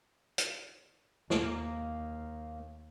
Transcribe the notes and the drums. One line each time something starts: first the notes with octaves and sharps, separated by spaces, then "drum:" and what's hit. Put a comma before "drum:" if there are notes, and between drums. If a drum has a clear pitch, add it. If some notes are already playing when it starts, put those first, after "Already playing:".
drum: hi-hat
D#2 A#3, drum: snare